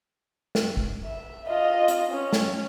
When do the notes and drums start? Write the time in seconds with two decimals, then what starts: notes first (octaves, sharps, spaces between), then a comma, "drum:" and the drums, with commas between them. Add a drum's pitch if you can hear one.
0.55 drum: snare
0.77 drum: kick
1.04 E5
1.50 F4 D#5
1.88 drum: hi-hat
2.10 C#4
2.33 drum: snare